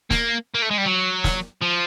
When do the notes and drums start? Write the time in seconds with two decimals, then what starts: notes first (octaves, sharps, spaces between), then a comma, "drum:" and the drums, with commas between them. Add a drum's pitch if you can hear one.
0.10 A#3, drum: snare
0.55 A#3
0.62 A3
0.71 G#3
0.78 G3
0.86 F#3
1.24 drum: snare
1.62 F3